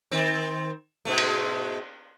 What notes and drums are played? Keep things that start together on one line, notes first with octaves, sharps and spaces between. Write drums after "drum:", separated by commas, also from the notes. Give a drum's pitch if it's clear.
D#3 C4
G#2 B2 A3
drum: cymbal